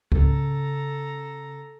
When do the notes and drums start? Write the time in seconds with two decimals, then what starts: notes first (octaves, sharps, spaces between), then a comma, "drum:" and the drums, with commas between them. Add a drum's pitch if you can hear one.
0.12 C#3 A4 A#5, drum: kick C#2